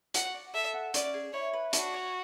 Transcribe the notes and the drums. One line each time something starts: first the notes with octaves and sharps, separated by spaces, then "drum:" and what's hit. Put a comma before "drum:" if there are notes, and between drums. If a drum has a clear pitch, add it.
F#4 F#5, drum: hi-hat
D5
A4 E5
F#5
C#4 D5, drum: hi-hat
G#4
E4 C#5
B4
D4 F#4, drum: hi-hat
C#5